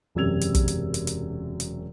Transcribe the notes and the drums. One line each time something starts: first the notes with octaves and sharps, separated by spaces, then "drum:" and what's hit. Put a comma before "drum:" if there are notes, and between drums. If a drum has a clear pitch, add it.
E1 F#2 C3 E6 G#6 F7
drum: hi-hat
drum: kick, hi-hat
drum: hi-hat
drum: hi-hat
drum: hi-hat
drum: hi-hat